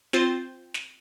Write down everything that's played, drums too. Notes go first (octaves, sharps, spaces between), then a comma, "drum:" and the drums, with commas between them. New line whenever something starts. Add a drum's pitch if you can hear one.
C4 F4 C5, drum: snare
drum: snare